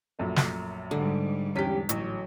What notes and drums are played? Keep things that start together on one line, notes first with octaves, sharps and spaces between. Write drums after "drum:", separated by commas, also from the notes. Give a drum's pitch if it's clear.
A#1 F#2 A3
drum: snare
G#2 D3 G3
E2 C#4 G4 B6
A1 F#3, drum: hi-hat